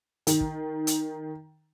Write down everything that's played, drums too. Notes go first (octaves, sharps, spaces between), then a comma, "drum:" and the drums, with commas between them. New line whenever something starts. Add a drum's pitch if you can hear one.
D#3, drum: hi-hat
drum: kick
drum: hi-hat